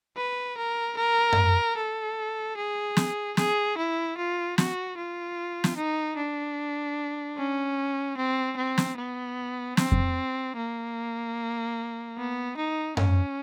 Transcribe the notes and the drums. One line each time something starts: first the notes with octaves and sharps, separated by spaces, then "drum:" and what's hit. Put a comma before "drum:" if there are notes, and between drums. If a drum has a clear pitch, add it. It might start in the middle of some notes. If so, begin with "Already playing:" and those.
B4
A#4
A#4
drum: tom F#2
A4
G#4
drum: snare
G#4, drum: snare
E4
F4
F#4, drum: snare
F4
drum: snare
D#4
D4
C#4
C4
C4
drum: snare
B3
C4, drum: snare
drum: kick F2
A#3
B3
D#4
C#4, drum: tom F#2